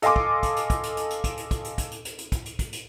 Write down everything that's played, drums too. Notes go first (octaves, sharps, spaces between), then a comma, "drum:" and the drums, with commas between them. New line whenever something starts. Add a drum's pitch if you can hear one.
A4 D#5 F5 G#5 C6 D6, drum: hi-hat
drum: kick
drum: kick, hi-hat
drum: hi-hat
drum: kick, hi-hat
drum: hi-hat
drum: hi-hat
drum: hi-hat
drum: kick, hi-hat
drum: hi-hat
drum: kick, hi-hat
drum: hi-hat
drum: kick, hi-hat
drum: hi-hat
drum: hi-hat
drum: hi-hat
drum: kick, hi-hat
drum: hi-hat
drum: kick, hi-hat
drum: hi-hat